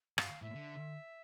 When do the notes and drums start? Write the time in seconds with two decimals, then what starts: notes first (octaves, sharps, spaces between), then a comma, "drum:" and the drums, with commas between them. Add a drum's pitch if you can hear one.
0.18 G2 F5, drum: rim click
0.42 A2 E5
0.55 D3